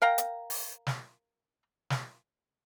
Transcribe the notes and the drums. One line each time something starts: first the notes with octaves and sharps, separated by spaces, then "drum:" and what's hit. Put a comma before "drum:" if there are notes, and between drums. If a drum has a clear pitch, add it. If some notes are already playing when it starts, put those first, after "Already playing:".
A#4 F5 G5 A#5
drum: hi-hat
drum: open hi-hat
drum: snare
drum: snare